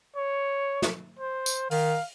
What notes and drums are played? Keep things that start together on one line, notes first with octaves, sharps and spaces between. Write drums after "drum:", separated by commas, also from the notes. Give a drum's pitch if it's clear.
C#5
drum: snare
C5
drum: tambourine
D#3 F5, drum: open hi-hat